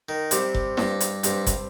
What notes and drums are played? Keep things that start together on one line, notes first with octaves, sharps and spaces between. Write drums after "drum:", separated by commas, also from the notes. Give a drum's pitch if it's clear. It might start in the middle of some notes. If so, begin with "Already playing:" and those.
D#3
C3 G3 C4 G4 C5, drum: hi-hat
drum: kick F1
G2, drum: snare E4
drum: hi-hat
G2 G3 C4 G4 C5, drum: hi-hat
drum: kick F1, hi-hat